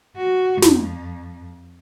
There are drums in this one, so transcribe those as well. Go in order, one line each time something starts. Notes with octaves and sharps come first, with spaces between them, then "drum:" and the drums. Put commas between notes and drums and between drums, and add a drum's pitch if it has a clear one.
F#4
F2, drum: snare